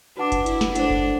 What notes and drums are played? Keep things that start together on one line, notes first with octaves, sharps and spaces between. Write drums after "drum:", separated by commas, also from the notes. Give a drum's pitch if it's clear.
D4 F#4 B4 F#5 A5 D6
drum: kick F#1, hi-hat
E4, drum: hi-hat
drum: snare
D4 A4 C5 F#5, drum: hi-hat
drum: kick F#1